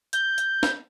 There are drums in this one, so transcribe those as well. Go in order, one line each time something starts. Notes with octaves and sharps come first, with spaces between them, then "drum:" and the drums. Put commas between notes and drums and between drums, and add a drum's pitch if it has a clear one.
G6, drum: hi-hat
drum: hi-hat
drum: snare